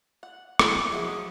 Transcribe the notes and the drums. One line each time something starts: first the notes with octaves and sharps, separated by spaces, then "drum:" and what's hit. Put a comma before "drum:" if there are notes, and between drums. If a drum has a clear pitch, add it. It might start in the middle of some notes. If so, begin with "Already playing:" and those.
F#5
drum: rim click
F3 F#3 D#4 E4 F#4 G#4